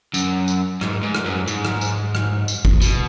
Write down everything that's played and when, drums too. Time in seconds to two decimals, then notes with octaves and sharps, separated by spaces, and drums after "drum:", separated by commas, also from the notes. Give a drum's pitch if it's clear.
0.14 F#2, drum: tambourine
0.48 drum: tambourine
0.81 G#2, drum: rim click
1.03 G#2
1.15 drum: rim click
1.26 F#2
1.48 G#2, drum: tambourine
1.65 drum: rim click
1.81 drum: tambourine
2.15 drum: rim click
2.48 drum: tambourine
2.65 drum: kick
2.82 B2, drum: tambourine